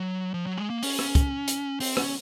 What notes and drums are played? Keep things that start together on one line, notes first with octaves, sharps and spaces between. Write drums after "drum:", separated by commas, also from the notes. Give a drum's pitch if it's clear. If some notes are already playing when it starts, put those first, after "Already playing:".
Already playing: F#3
F3
F#3
G#3
A#3
C#4, drum: open hi-hat
drum: rim click
drum: kick, hi-hat
drum: hi-hat
C4, drum: open hi-hat
C#4, drum: rim click